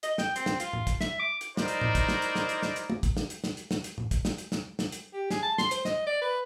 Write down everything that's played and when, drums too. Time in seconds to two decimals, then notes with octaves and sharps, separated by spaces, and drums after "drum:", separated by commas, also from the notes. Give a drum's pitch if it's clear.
0.03 D#5, drum: hi-hat
0.18 G5, drum: snare
0.36 C4, drum: hi-hat
0.46 drum: snare
0.60 F4, drum: hi-hat
0.73 drum: tom G#2
0.87 drum: kick, hi-hat
1.01 E5, drum: snare
1.19 D6
1.41 drum: hi-hat
1.57 D#4 E4 A#4 C5 D5 D#5, drum: snare
1.68 drum: hi-hat
1.81 drum: tom G#2
1.95 drum: kick, hi-hat
2.08 drum: snare
2.22 drum: hi-hat
2.36 drum: snare
2.49 drum: hi-hat
2.63 drum: snare
2.76 drum: hi-hat
2.90 drum: tom
3.03 drum: kick, hi-hat
3.17 drum: snare
3.30 drum: hi-hat
3.44 drum: snare
3.57 drum: hi-hat
3.71 drum: snare
3.84 drum: hi-hat
3.98 drum: tom G#2
4.11 drum: kick, hi-hat
4.25 drum: snare
4.38 drum: hi-hat
4.52 drum: snare
4.79 drum: snare
4.92 drum: hi-hat
5.13 G4
5.31 G#4, drum: snare
5.43 A5
5.58 C6, drum: snare
5.71 C5, drum: hi-hat
5.85 D#5, drum: snare
6.07 D5
6.22 B4